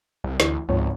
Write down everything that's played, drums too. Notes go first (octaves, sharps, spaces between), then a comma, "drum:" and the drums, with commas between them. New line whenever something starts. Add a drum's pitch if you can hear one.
C2
D2 E3, drum: snare
G#1 C#2 F3 C#5